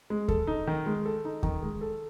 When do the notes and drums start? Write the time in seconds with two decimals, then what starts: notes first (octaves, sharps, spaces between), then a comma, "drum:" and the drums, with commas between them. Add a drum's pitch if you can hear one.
0.10 G#3
0.28 A4, drum: kick D#2
0.47 D#4
0.67 D#3
0.86 G#3
1.06 A4
1.25 D#4
1.43 D#3, drum: kick D#2
1.63 G#3
1.81 A4